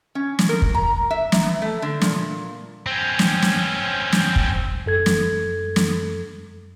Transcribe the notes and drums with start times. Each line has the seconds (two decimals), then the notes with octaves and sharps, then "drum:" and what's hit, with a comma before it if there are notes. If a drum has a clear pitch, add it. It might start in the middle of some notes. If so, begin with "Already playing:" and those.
0.15 C#4
0.39 drum: snare
0.49 A#4
0.62 drum: kick
0.74 A#5
1.10 E5
1.32 drum: snare
1.45 E3
1.62 A3
1.82 D3
2.01 A#2, drum: snare
2.86 C4 C#4
3.19 drum: snare
3.42 drum: snare
4.12 drum: snare
4.36 drum: kick
4.86 F#2 A4 G#6
5.06 drum: snare
5.76 drum: snare